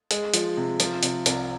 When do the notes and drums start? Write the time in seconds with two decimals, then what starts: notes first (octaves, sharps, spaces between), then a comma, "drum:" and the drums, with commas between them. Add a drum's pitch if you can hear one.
0.11 G#3, drum: hi-hat
0.34 F3, drum: hi-hat
0.57 C3
0.80 F3, drum: hi-hat
1.03 C3, drum: hi-hat
1.26 C2, drum: hi-hat